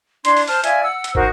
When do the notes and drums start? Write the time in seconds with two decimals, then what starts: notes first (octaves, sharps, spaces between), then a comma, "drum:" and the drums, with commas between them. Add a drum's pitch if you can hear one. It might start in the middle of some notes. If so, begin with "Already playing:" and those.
0.25 D4 E4 C6 G#6, drum: hi-hat
0.37 drum: open hi-hat
0.48 C5 A5 F6, drum: open hi-hat
0.64 F4 D5 E5 G#5, drum: hi-hat
0.83 F#5 E6
1.04 drum: hi-hat
1.15 D#4 F#4 A#4 C5, drum: kick